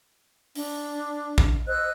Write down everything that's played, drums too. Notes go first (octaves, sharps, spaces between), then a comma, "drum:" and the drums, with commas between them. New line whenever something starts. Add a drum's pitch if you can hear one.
D4, drum: open hi-hat
drum: kick
C5 D#5 E6 F#6